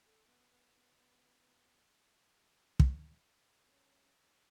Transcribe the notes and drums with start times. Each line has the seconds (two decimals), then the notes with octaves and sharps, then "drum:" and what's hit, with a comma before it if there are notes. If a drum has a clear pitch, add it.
0.05 A4
0.27 B3
0.51 B3
0.74 B3
0.96 B3
2.80 drum: kick
3.65 B3
3.71 C#4